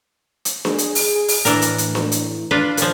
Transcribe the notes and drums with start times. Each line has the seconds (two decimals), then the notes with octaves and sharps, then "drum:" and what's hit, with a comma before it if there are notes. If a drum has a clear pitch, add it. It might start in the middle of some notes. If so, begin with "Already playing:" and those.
0.45 drum: hi-hat
0.65 G#4, drum: snare D4
0.78 drum: hi-hat
0.95 drum: open hi-hat
1.15 G#4
1.28 drum: open hi-hat
1.45 A2 E3 D4 A#4, drum: hi-hat
1.62 drum: hi-hat
1.78 drum: hi-hat
1.95 drum: snare D4
2.12 drum: hi-hat
2.51 D4 F4 B4
2.77 A#2 F3 C#5, drum: hi-hat